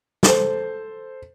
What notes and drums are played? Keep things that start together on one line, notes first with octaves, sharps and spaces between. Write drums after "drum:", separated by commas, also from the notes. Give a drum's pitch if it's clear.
A4 C5, drum: snare